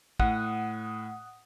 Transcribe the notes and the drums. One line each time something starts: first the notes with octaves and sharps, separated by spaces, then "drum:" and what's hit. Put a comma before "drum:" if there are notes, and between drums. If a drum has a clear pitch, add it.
A2 F#5 D#6, drum: kick